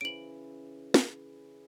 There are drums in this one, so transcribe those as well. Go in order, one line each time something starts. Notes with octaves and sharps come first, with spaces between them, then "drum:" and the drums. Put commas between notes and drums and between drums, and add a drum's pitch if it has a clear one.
C#3 E3 D7 F#7
drum: snare